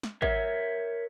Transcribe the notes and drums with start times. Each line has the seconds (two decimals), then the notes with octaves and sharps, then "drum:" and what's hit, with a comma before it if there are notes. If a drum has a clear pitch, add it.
0.03 drum: snare
0.22 A#4 C#5 E5, drum: kick G#1